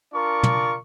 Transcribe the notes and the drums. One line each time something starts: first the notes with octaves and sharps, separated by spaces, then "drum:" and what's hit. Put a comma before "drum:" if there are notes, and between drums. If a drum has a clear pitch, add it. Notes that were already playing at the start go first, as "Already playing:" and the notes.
D4 F4 A#4 D5 C#6
drum: tom